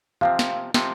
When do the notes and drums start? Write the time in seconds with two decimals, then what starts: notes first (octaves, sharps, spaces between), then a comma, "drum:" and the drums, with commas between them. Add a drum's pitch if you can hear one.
0.21 C3 F3 C4 F5
0.39 drum: snare
0.74 C3 F3 C4, drum: snare